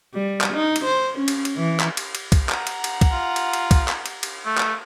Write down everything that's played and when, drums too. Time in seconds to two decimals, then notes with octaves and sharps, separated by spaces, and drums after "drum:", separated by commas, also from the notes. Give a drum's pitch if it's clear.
0.14 G3
0.41 drum: clap
0.53 D#4
0.76 drum: cymbal
0.85 C5
1.18 C#4
1.28 drum: cymbal
1.45 drum: cymbal
1.57 E3
1.80 drum: clap
1.97 drum: cymbal
2.15 drum: cymbal
2.32 drum: kick, cymbal
2.49 F#5 A#5, drum: clap
2.67 drum: cymbal
2.84 drum: cymbal
3.01 drum: kick, cymbal
3.12 F4
3.36 drum: cymbal
3.53 drum: cymbal
3.71 drum: kick, cymbal
3.88 drum: clap
4.06 drum: cymbal
4.23 drum: cymbal
4.45 A3
4.58 drum: clap